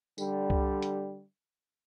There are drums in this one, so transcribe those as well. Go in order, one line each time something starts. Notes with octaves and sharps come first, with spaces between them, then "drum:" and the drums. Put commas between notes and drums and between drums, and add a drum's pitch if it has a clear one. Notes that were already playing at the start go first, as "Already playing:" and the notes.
D3 G3, drum: tambourine
drum: kick C2
drum: hi-hat